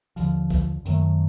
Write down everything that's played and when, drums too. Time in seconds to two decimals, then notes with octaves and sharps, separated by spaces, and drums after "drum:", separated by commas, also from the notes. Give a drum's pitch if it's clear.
0.16 D#2 D3 F3, drum: hi-hat
0.50 drum: kick C2, hi-hat
0.85 F#2 D#3 F#3 A3, drum: hi-hat